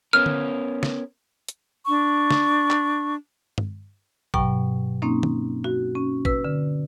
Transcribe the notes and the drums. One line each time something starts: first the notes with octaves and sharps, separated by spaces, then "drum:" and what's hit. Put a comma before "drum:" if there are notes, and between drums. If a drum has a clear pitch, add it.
B3 C#4 A#4 F6
drum: tom D3
drum: snare
drum: hi-hat
D4 C#6
drum: snare
drum: clap
drum: tom G2
G2 B2 F#3 G5 C#6, drum: kick
A#3 C4 C#4 D#4
drum: tom
F#4
C#4
B4 E6, drum: kick
D3